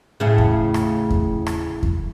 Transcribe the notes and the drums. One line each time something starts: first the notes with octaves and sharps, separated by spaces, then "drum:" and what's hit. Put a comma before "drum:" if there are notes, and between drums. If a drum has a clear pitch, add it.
A2 C#3
drum: kick E2
drum: rim click
drum: kick E2
drum: rim click
drum: kick E2